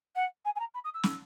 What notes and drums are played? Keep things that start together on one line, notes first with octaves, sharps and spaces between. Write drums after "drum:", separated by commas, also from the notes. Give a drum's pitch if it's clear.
F#5
G#5
G#5
A#5
B5
D#6
E6
drum: snare